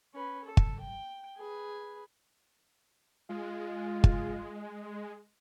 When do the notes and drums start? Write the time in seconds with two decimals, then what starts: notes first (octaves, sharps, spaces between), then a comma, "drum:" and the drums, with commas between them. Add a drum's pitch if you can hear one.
0.14 C#4 B4
0.45 A4
0.57 drum: kick
0.80 G5
1.37 G#4 B4
3.29 G#3 F4
4.04 drum: kick